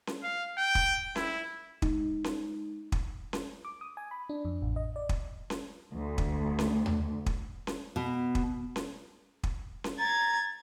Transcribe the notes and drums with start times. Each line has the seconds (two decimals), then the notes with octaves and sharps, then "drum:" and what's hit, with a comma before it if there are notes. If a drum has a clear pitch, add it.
0.07 drum: snare C#4
0.23 F5
0.58 G5
0.75 drum: kick
1.16 E4, drum: snare C#4
1.82 G#3 D#4, drum: kick
2.24 drum: snare C#4
2.92 drum: kick
3.33 drum: snare C#4
3.65 D6
3.81 D#6
3.97 G#5
4.11 B5
4.29 D4
4.45 F2
4.62 A1
4.76 D#5
4.96 D5
5.09 drum: kick
5.50 drum: snare C#4
5.93 D2
6.18 drum: kick
6.59 drum: snare C#4
6.86 drum: tom D#2
7.26 drum: kick
7.67 drum: snare C#4
7.96 B2
8.35 drum: kick
8.76 drum: snare C#4
9.43 drum: kick
9.84 drum: snare C#4
9.99 A#5 G#6 A6